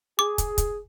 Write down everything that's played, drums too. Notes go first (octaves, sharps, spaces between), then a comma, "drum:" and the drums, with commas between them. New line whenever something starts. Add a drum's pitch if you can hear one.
G#4 D6
drum: kick, hi-hat
drum: kick, hi-hat